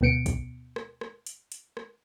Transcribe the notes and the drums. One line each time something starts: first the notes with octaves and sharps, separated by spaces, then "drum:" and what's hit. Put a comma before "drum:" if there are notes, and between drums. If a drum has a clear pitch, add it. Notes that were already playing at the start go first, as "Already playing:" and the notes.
D2 B2 B3 C#7 D7
drum: kick, hi-hat
drum: rim click
drum: rim click
drum: hi-hat
drum: hi-hat
drum: rim click